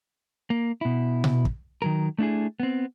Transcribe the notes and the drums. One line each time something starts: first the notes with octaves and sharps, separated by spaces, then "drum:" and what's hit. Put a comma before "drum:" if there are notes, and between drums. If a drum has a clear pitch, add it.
A#3
B2 E4
drum: tom B2
drum: kick
D#3 F#3 A#4
A3 D4 E4 G#4
B3 C4